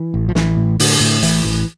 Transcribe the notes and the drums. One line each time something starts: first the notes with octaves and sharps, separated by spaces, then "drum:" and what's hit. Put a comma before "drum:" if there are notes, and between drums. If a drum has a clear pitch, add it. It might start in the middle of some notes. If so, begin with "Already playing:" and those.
Already playing: E3
A1
F3
A1 E3, drum: snare
A2
A2 D3, drum: open hi-hat
A2
A1 E3, drum: hi-hat
A1